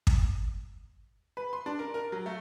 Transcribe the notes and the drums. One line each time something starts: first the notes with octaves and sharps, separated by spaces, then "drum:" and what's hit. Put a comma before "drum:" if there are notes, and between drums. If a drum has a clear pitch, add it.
drum: kick
B4
C6
D4
A#4
A#4
F#3
A3